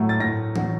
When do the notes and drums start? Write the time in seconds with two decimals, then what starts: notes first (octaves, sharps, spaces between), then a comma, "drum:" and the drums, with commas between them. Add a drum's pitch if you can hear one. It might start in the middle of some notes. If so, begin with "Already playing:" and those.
Already playing: A2 F#3 A3
0.09 A6
0.20 A2 A#6
0.56 F#3 A3, drum: tom E3